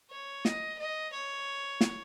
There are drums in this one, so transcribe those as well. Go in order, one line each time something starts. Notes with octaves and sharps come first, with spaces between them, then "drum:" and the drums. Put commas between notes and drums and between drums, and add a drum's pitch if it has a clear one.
C#5
D#5, drum: snare
D#5
C#5
drum: snare